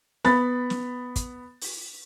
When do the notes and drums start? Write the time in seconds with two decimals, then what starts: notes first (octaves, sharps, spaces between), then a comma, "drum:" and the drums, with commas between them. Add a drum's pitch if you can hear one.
0.24 B3 B5 A6, drum: snare
0.70 drum: snare
1.16 drum: kick, hi-hat
1.61 drum: open hi-hat